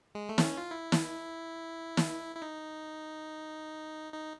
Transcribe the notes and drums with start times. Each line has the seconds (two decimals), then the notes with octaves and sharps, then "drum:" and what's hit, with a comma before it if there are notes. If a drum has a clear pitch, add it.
0.15 G#3
0.29 A3
0.38 C4, drum: snare
0.43 C#4
0.57 F4
0.71 E4
0.92 drum: snare
1.97 drum: snare
2.36 E4
2.42 D#4
4.13 D#4